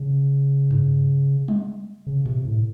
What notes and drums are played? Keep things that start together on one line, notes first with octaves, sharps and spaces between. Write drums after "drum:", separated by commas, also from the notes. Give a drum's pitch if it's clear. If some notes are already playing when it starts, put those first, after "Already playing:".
Already playing: C#3
drum: tom G2
drum: tom G3
C#3
C3, drum: tom A2
A2